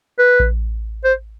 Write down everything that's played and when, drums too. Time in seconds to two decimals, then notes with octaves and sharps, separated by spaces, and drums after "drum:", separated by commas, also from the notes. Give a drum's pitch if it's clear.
0.18 B4
0.40 drum: kick A1
1.04 C5